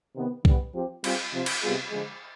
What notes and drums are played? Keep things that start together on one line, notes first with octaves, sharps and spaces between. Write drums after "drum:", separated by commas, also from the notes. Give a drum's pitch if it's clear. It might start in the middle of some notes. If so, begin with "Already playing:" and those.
C3 D#3 B3
D3 G3 B3, drum: kick C2
F3 C4 G4
G3 C4 F4 G#4, drum: cymbal
C3 F3 C4 F4
drum: cymbal
C3 G3 B3 F4 G#4
D3 F3 G#3